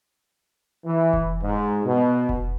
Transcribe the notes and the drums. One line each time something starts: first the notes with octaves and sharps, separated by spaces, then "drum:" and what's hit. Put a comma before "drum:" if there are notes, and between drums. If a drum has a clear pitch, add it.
E3
drum: kick F1
G#2
B2
drum: kick F1